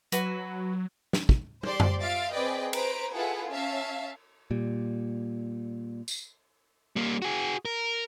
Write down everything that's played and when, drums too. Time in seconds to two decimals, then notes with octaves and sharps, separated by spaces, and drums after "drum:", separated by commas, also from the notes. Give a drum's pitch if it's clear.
0.12 F#3 F#4 B4, drum: hi-hat
1.13 drum: snare
1.29 drum: kick
1.63 G4 C5 D5 C6, drum: tom
1.80 drum: tom F#2
2.00 F4 E5 F5 A6 D7
2.31 C4 G#4 B4 D5 D#5 G5
2.73 B4 C5 A#5 D7, drum: cymbal
3.14 E4 F4 G#4 A4 B4 F#5
3.52 C#4 E5 F5 A5
4.51 A#2 G3
6.08 drum: tambourine
6.96 G3 A#3
7.22 F#4 G#4
7.65 A#4